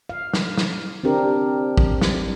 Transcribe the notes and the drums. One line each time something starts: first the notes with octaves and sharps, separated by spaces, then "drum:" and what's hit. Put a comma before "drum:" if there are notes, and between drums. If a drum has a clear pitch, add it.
F5
drum: snare
drum: snare
C4 D4 G4 A#4
drum: kick
drum: snare